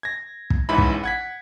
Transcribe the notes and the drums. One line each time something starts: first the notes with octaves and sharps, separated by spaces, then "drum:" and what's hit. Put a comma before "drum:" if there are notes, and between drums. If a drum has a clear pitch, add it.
G#6 A#6
drum: kick
A1 G#2 E3 E5 B5
drum: kick
F#5 G#6 B6